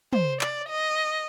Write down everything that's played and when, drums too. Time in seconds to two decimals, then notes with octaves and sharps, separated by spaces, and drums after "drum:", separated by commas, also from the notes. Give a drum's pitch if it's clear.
0.13 C5, drum: tom
0.41 D5, drum: clap
0.70 D#5